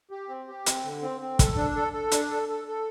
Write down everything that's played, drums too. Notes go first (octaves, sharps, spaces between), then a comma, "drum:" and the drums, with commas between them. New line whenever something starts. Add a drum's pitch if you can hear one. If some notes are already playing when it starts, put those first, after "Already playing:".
G4
C4
G4
C4, drum: hi-hat
D3
C4
C4
A4, drum: kick, hi-hat
D4
A4
A4
D4, drum: hi-hat
A4
A4
A4